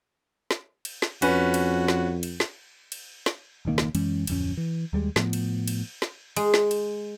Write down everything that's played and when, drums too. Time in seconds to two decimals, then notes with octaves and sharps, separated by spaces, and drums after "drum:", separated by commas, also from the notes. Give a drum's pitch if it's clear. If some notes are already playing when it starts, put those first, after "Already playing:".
0.51 drum: snare
0.85 drum: cymbal
1.02 drum: snare
1.22 F2 C#4 F#4 B4, drum: cymbal
1.54 drum: cymbal
1.88 drum: snare
2.23 drum: cymbal
2.40 drum: snare
2.92 drum: cymbal
3.26 drum: snare
3.65 E1 C#2 D#3 A#3
3.78 drum: snare
3.95 F#2 E3 G#3 C#4, drum: cymbal
4.27 D1 F2 C#4, drum: cymbal
4.57 E3
4.93 D#2 G3 G#3
5.16 A2 F3 B3, drum: snare
5.33 drum: cymbal
5.68 drum: cymbal
6.02 drum: snare
6.36 G#3, drum: cymbal
6.54 drum: snare
6.71 drum: cymbal